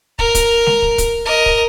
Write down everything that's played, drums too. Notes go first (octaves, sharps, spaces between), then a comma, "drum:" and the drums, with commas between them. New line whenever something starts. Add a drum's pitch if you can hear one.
A#4 A#5, drum: kick
drum: kick, hi-hat
drum: snare
drum: kick
drum: kick, hi-hat
A#4 D#5
drum: kick